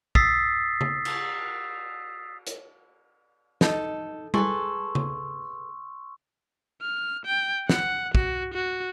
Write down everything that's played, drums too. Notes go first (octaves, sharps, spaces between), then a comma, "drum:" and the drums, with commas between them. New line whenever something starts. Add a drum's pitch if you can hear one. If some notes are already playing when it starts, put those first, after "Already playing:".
D#6 E6 A6 B6 C7, drum: kick
drum: tom C#3
drum: cymbal
drum: hi-hat
D#4 A4, drum: snare
G#4 A4 B4 C6 C#6 E6, drum: tom G3
drum: tom C#3
F6
G5
F#5, drum: snare
F#4, drum: kick
F#4